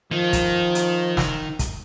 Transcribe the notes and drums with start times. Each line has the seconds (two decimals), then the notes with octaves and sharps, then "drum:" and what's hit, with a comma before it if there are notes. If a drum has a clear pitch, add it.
0.12 D#3 F3
0.33 drum: kick, hi-hat
0.75 drum: hi-hat
1.17 drum: snare
1.59 drum: kick, hi-hat